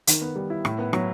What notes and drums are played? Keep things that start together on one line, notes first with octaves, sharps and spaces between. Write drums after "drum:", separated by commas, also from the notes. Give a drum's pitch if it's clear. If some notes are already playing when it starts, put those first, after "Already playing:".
D#3, drum: hi-hat
B3
G3
E4
A2, drum: rim click
B3
F#3, drum: rim click